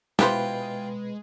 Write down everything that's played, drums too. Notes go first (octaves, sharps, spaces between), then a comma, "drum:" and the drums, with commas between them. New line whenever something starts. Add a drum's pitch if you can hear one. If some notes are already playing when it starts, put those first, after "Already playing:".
B2 G#3 E4 F4 G4 B4 C5 G5, drum: snare